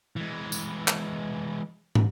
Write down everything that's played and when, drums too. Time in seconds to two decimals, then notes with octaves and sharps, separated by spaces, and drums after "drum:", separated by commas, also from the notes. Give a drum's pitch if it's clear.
0.16 E3 G#3
0.52 drum: tambourine
0.88 drum: clap
1.95 drum: tom